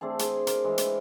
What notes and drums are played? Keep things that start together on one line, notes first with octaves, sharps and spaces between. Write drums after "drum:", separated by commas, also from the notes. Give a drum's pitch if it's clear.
A3 C4 D4 G#4
G#4, drum: hi-hat
A#4, drum: hi-hat
E3 G#3
drum: hi-hat